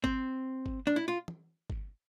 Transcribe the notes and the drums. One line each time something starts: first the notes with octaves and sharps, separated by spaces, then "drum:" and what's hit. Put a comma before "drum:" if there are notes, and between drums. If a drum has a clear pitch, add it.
C4, drum: kick G1
drum: kick G1
D4
E4
F4
drum: tom
drum: kick G1